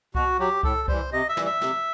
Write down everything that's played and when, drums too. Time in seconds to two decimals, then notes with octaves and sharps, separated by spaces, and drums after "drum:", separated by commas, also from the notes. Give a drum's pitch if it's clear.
0.15 B2 F#4, drum: kick C2
0.39 F#3 G4
0.63 A2 A4, drum: kick C2
0.88 E3 G3 C5, drum: kick C2
1.12 C3 D#5
1.29 E5
1.37 E3 G3, drum: snare
1.46 E5
1.61 C3, drum: snare